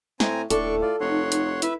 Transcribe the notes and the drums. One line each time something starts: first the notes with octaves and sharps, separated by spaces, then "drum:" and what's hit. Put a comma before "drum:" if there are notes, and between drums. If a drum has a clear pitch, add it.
A2 C4 G#5 A#5, drum: snare
D#1 A2 D4 A4 D5 C#6, drum: hi-hat
F4 D5
F1 D#4 C#5 F#5 C6
drum: hi-hat
E4 B4 E5, drum: hi-hat